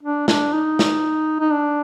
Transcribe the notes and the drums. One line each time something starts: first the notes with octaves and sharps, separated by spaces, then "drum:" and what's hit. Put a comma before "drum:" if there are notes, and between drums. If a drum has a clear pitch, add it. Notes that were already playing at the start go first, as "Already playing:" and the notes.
D4
D4, drum: snare
D#4
drum: snare
D#4
D4